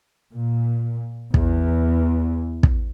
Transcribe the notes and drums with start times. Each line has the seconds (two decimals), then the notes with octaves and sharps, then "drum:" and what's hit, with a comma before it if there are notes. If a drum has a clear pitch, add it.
0.33 A#2
1.34 E2, drum: kick
2.63 drum: kick